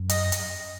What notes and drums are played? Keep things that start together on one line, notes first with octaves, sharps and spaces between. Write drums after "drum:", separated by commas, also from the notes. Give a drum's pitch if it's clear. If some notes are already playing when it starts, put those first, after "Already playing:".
Already playing: F#2
D#5, drum: hi-hat
drum: hi-hat